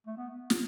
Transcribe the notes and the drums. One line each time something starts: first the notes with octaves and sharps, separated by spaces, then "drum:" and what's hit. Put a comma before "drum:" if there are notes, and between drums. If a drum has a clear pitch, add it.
A3
B3
drum: snare